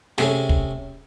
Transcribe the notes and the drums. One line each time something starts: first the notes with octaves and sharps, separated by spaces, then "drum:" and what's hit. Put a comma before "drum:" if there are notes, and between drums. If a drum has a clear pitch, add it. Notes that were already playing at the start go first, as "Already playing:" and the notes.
C3 A3 C#4 G#4, drum: snare
drum: kick